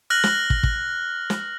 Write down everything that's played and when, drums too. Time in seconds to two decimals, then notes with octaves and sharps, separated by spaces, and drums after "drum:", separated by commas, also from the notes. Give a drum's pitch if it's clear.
0.10 F6 F#6 A#6 F#7
0.24 drum: snare
0.50 drum: kick
0.63 drum: kick
1.30 drum: snare